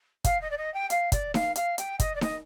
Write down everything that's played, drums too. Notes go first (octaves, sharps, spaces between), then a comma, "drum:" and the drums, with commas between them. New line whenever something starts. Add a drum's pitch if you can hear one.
F5, drum: kick, hi-hat
D#5
D5
D#5
G5
F5, drum: hi-hat
D5, drum: kick, hi-hat
F5, drum: snare D#4
F5, drum: hi-hat
G5, drum: hi-hat
D#5, drum: kick, hi-hat
D5
D#5, drum: snare D#4